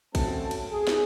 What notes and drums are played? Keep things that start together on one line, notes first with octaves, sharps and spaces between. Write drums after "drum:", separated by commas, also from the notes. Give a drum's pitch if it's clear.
A3 C4 C#4 F#4 A5, drum: kick, cymbal
drum: cymbal
G#4
drum: snare